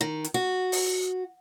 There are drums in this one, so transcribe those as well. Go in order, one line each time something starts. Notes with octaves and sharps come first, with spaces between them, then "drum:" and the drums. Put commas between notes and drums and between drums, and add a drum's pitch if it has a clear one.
D#3
drum: hi-hat
F#4
drum: open hi-hat